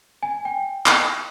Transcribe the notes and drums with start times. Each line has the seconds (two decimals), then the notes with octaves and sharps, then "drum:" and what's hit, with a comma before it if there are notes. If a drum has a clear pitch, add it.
0.23 G#5
0.45 G5
0.86 drum: clap